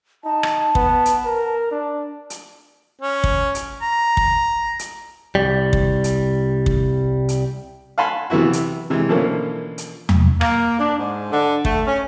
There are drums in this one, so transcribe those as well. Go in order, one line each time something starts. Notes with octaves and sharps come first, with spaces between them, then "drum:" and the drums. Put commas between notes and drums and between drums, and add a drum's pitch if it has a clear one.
D#4 A5
drum: rim click
B3, drum: kick
drum: hi-hat
A#4
D4
drum: hi-hat
C#4
drum: kick
drum: hi-hat
A#5
drum: kick
drum: hi-hat
C2 G3
drum: kick
drum: hi-hat
drum: kick
drum: hi-hat
F5 F#5 G#5 A5 B5 C6
C3 E3 B3 E4 F#4
drum: hi-hat
C3 E3 G#3
B2 D3 E3 F3 A#3 C#4
drum: hi-hat
drum: tom E2
A#3, drum: rim click
D4
G#2
D3
A3, drum: kick
C#4